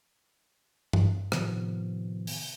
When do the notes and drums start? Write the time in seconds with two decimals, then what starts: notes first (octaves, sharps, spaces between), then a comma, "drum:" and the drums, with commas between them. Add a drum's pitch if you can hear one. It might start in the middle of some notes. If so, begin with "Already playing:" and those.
0.93 drum: tom G2
1.32 A2 C3 D#3 F3 B3, drum: rim click
2.27 drum: open hi-hat